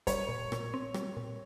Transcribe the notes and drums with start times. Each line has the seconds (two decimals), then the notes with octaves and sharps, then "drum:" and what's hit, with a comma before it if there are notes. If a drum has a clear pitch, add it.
0.07 G3 C#5, drum: kick, hi-hat
0.29 A#2
0.52 A#2, drum: rim click
0.74 C4
0.94 G3, drum: rim click
1.17 A#2